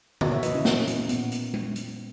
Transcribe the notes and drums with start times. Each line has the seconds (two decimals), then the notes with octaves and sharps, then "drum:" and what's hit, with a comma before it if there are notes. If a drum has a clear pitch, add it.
0.21 A#2 A#3 F#4 A#4, drum: tom C#3
0.32 C#5 E5
0.43 B4 D#5, drum: hi-hat
0.54 C#4 E4
0.65 A#2 A#3 B3, drum: snare
0.77 A#3 C#4
0.87 drum: hi-hat
0.99 A#3
1.09 A#2 A#3 B3, drum: hi-hat
1.32 drum: hi-hat
1.54 drum: tom G#3
1.76 drum: hi-hat